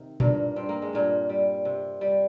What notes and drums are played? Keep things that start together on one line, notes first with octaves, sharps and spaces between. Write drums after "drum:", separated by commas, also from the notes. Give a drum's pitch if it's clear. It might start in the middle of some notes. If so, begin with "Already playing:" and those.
Already playing: C3 D#3
G2 A#2 A#3, drum: tom A#2
G2 C4
A#3
G#3
G2 A#2 A#3
G3
C3
G3